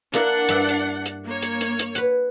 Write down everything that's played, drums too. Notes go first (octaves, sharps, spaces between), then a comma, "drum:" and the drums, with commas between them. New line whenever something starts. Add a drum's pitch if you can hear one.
A#3 D4 E4 A#4 F#5, drum: hi-hat
G2 D5 E5, drum: hi-hat
drum: hi-hat
drum: hi-hat
A#3 C#5
drum: hi-hat
drum: hi-hat
drum: hi-hat
B4 F#5, drum: hi-hat